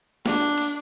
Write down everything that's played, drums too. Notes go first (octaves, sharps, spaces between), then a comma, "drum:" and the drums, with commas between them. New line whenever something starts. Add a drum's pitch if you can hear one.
D4, drum: snare
drum: cymbal